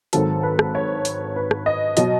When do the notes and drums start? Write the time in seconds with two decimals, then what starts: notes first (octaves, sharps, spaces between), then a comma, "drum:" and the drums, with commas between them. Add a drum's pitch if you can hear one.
0.13 G#1 G#2 D#3 F#3 A4, drum: hi-hat
0.43 B4
0.59 drum: rim click
0.75 C#5
1.05 drum: hi-hat
1.36 B4
1.51 drum: rim click
1.66 D#5
1.97 B2 F#3 D#5, drum: hi-hat